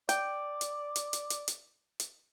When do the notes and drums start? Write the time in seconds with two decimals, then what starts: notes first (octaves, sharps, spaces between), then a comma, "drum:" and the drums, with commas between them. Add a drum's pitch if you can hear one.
0.09 D5 G5, drum: hi-hat
0.61 drum: hi-hat
0.96 drum: hi-hat
1.13 drum: hi-hat
1.30 drum: hi-hat
1.48 drum: hi-hat
2.00 drum: hi-hat